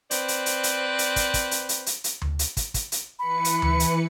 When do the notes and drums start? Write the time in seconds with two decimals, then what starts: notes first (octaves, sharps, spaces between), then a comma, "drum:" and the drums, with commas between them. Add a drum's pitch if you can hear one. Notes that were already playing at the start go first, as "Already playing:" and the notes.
0.11 C4 B4 C5 D5, drum: hi-hat
0.28 drum: hi-hat
0.46 drum: hi-hat
0.63 drum: hi-hat
0.99 drum: hi-hat
1.16 drum: kick, hi-hat
1.34 drum: kick, hi-hat
1.51 drum: hi-hat
1.69 drum: hi-hat
1.86 drum: hi-hat
2.04 drum: hi-hat
2.22 drum: tom D2
2.39 drum: hi-hat
2.57 drum: kick, hi-hat
2.74 drum: kick, hi-hat
2.92 drum: hi-hat
3.19 E3 B4 B5 C#7
3.45 drum: hi-hat
3.62 drum: tom D2
3.80 drum: hi-hat